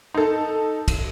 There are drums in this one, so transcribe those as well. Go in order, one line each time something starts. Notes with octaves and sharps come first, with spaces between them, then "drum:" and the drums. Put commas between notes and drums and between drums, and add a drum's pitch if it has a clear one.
D#4 A4
drum: kick, cymbal